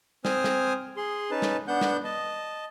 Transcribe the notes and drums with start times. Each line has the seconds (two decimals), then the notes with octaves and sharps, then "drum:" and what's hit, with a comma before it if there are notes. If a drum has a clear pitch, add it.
0.25 C4 C5 G#5 D#6 F6, drum: snare
0.44 drum: snare
0.97 G#4 C6
1.31 C#4 D#4 B4 A5
1.42 drum: snare
1.68 B3 D4 F#5 G6
1.81 drum: snare
2.04 D#5 A5